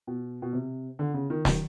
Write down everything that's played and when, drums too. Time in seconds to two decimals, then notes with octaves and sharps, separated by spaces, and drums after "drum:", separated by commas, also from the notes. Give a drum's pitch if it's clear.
0.07 B2
0.42 B2
0.53 C3
0.99 D3
1.14 C#3
1.30 D#3
1.45 D#3, drum: snare